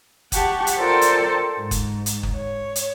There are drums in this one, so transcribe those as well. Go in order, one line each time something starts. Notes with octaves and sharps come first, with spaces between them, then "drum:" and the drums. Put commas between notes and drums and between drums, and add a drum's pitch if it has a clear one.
G4 F#5 A5 C#6, drum: kick F#1, hi-hat
drum: hi-hat
F4 A4 A#4 C5 D5 G5
drum: hi-hat
G#2
drum: kick F#1, hi-hat
drum: hi-hat
drum: kick F#1
C#5
drum: hi-hat